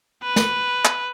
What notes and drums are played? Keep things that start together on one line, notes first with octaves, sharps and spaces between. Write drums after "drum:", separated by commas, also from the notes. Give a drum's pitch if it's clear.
B4
drum: snare
drum: clap